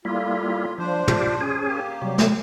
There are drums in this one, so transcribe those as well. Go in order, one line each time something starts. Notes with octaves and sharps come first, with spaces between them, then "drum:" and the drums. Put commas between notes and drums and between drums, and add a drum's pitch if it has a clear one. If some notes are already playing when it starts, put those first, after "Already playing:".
A2 G3 A#3 E4 F4
F3 D4 C5
F4 G4, drum: tom
C#4 G#4
A#3 G4
C3 F#3 G3
drum: snare